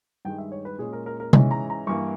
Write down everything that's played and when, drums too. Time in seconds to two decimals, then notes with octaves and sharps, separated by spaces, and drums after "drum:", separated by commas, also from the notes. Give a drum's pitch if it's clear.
0.25 G2 D#3 G#3 G5
0.38 E5
0.52 C#5
0.65 B4
0.78 A#2 G#3 C#4 G#4
0.93 A#4
1.06 A#4
1.20 A#4
1.33 G#2 E3 G#3 C#4 D#5, drum: tom C3
1.51 A#5
1.70 A#5
1.87 G2 E3 A#3 C#6